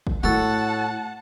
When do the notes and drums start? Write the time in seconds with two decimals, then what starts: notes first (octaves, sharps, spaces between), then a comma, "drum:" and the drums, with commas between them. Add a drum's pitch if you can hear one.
0.07 drum: kick
0.23 A2 A3 F#4 A4 F#5 A5